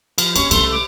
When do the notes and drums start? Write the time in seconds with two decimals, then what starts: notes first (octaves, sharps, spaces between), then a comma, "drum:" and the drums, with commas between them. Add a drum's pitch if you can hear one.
0.18 F3, drum: cymbal
0.36 B3 C#4 D#4 C#6, drum: cymbal
0.51 C2 C#3 A3 C6, drum: cymbal
0.72 D6